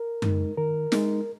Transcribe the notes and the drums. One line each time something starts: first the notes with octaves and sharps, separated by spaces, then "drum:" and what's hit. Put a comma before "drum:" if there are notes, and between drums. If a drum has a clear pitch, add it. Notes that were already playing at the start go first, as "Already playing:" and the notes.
Already playing: A#4
G#3 D#4, drum: tom F#2
D#3 A#4
G#3 D#4, drum: snare